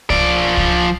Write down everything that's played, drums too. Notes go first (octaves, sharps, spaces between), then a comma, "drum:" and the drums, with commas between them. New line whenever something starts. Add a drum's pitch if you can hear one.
F3 D5, drum: kick C2
drum: kick C2